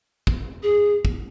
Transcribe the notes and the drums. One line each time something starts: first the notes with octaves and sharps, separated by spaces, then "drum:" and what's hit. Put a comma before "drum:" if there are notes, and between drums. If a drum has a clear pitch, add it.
drum: kick
G#4
drum: kick